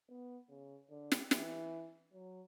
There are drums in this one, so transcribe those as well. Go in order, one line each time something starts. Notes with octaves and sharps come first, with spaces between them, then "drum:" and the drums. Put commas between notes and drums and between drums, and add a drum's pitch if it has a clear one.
B3
C#3
D3
drum: snare
E3, drum: snare
F#3